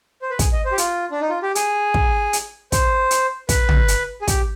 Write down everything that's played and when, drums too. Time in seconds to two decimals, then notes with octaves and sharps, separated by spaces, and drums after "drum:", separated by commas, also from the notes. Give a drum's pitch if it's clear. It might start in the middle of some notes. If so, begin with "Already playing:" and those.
0.22 C5
0.30 B4
0.39 G#4, drum: kick, hi-hat
0.52 D#5
0.65 C5
0.72 G4
0.78 F4, drum: hi-hat
1.11 D4
1.21 D#4
1.29 F4
1.43 G4
1.55 G#4, drum: hi-hat
1.94 drum: kick
2.33 drum: hi-hat
2.72 C5, drum: kick, hi-hat
3.11 drum: hi-hat
3.49 B4, drum: kick, hi-hat
3.69 drum: tom
3.88 drum: hi-hat
4.22 G#4
4.28 G4, drum: kick, hi-hat